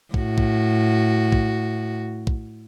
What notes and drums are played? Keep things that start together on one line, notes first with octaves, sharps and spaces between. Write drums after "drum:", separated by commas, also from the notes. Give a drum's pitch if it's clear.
A2 F#4, drum: kick
drum: kick
drum: kick
drum: kick